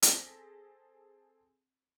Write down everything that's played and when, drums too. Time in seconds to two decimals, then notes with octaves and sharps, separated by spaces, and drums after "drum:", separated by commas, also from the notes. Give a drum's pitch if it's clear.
0.02 C4 G#4 A4 A#6 B6, drum: hi-hat